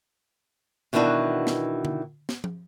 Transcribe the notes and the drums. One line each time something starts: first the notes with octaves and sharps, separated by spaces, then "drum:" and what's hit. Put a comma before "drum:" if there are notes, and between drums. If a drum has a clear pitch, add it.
B2 D#3 E3 D4 E4 F#4
drum: snare
drum: tom D3
drum: snare
drum: tom F3